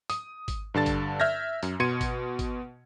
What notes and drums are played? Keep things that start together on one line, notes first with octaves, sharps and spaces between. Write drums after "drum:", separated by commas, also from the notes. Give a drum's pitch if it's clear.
D#6, drum: hi-hat
drum: kick G#1, hi-hat
G2 D3 A5 A6
drum: kick G#1, hi-hat
E5 F6 G6 G#6 A#6
F#2, drum: hi-hat
B2 C6 G#6 C#7 D#7
drum: kick G#1, hi-hat
drum: kick G#1, hi-hat